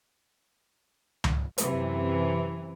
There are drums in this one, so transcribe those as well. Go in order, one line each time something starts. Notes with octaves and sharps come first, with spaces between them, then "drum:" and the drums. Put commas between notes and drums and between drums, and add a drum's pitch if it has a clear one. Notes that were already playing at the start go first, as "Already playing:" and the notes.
drum: tom C#2
F#2 C3 E3, drum: hi-hat